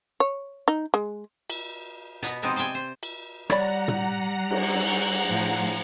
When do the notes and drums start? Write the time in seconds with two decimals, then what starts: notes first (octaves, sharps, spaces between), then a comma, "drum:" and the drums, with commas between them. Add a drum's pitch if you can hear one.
0.20 C#5
0.68 D#4
0.94 G#3
1.50 drum: cymbal
2.23 B2 B3 A#5, drum: hi-hat
2.42 C3 F3 G#3 B3 C4 D#4
2.56 C5 D5 E5 G5 G#5
2.75 C5
3.03 drum: cymbal
3.50 G3 C#5 D5 F#5 A#5 B5, drum: rim click
3.88 drum: tom
4.51 drum: cymbal
5.26 A2 F3